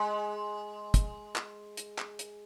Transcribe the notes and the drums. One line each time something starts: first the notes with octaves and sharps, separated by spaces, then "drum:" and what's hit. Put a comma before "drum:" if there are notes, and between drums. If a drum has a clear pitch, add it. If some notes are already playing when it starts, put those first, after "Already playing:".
Already playing: G#3
drum: kick, hi-hat
drum: clap
drum: hi-hat
drum: clap
drum: hi-hat